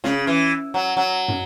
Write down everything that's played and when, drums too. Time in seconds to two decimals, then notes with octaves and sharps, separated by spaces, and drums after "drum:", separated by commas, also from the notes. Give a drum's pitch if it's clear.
0.04 C#3, drum: snare
0.27 E3
0.74 F#3
0.97 F#3
1.28 drum: tom